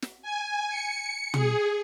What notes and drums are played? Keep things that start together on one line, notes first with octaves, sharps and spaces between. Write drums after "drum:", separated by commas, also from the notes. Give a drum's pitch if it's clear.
drum: snare
G#5
C#7
G#4, drum: tom